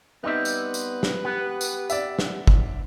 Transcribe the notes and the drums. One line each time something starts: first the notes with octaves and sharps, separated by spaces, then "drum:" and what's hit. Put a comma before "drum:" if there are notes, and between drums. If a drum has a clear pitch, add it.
G3 B3 C4 D#4 B4 E5
drum: tambourine
drum: tambourine
drum: snare
B3 G4
drum: tambourine
D5 E5, drum: tambourine
drum: snare
drum: kick